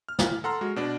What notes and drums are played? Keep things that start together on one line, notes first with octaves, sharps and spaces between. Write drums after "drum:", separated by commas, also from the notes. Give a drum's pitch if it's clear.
F6
drum: snare
A4 F#5 A#5 C6 F6
G#3 F#4
B2 D4 D5